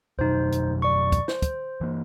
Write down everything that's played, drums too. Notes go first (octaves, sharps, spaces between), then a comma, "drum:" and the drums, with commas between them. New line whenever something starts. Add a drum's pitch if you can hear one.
F2 B2 F#3 D#4 C5
drum: hi-hat
D5 C#6
drum: kick, hi-hat
C5, drum: snare
drum: kick, hi-hat
E3 A#3